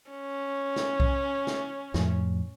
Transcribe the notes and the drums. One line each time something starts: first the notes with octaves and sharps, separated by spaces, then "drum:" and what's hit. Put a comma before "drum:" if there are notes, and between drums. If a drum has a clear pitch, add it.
C#4
drum: snare
drum: kick B1
drum: snare
F2 A2, drum: snare